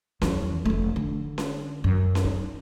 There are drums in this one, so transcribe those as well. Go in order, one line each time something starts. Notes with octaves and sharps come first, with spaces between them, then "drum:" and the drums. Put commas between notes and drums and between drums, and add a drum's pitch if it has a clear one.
E2 F#3, drum: snare C#4
F1 A3
D3
drum: snare C#4
F#2
drum: snare C#4
D#4